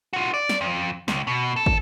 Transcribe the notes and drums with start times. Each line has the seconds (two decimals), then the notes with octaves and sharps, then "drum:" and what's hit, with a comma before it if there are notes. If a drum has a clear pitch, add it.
0.13 F4 F#4
0.34 D5
0.49 drum: snare
0.61 F2
1.08 C#2, drum: snare
1.27 B2
1.56 A4
1.66 drum: kick